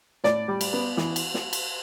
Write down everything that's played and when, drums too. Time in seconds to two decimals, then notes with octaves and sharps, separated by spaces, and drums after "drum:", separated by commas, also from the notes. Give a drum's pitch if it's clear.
0.24 A2 D5, drum: snare
0.48 G3
0.61 drum: cymbal
0.73 B3
0.97 E3, drum: snare
1.16 drum: cymbal
1.34 drum: snare
1.53 drum: cymbal